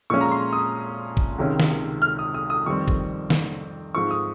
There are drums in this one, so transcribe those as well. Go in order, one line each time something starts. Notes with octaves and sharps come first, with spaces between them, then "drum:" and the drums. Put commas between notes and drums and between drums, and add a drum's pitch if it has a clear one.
A#2 F3 G#3 C#4 C#6
A#5
C6
D#6
drum: kick G#1
C#2 C3 D#3 G#3 C#4
drum: snare
F6
D#6
D#6
D#6
F2 D#3 G3 C4 C#6
drum: kick G#1
drum: snare
G#2 F3 C4 C#6
D#6